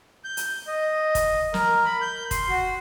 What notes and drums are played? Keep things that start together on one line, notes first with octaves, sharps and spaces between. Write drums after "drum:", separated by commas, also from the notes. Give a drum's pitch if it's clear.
G6
drum: hi-hat
D#5
drum: kick, hi-hat
A#4, drum: snare
B5
G6
C6, drum: kick, hi-hat
F#4